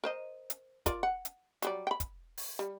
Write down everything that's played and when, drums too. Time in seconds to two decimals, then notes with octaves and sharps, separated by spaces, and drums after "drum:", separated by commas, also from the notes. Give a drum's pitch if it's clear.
0.04 A#4 C5 D#5
0.50 drum: hi-hat
0.86 F4 A#4 D5, drum: kick, hi-hat
1.03 F#5
1.25 drum: hi-hat
1.62 F#3 G3 D5, drum: hi-hat
1.87 G5 B5
2.00 drum: kick, hi-hat
2.37 drum: open hi-hat
2.59 G3